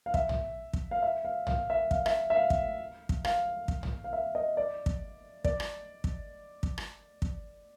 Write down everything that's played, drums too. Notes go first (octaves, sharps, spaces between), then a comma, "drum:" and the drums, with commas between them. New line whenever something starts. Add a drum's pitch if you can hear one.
F5
E5, drum: kick
drum: tom
drum: kick
F5
E5
F5
F5, drum: tom
E5
F5, drum: kick
E5, drum: rim click
E5
F5
drum: kick
drum: kick
F5, drum: rim click
drum: kick
drum: tom
F5
E5
D#5
D5
drum: kick
D5, drum: kick
drum: rim click
drum: kick
drum: kick
drum: rim click
drum: kick